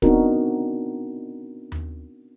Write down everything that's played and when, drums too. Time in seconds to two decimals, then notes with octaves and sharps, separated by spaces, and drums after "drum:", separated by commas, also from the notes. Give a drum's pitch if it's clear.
0.02 B3 C4 D4 D#4 F#4 A#4, drum: kick
1.72 drum: tom D#2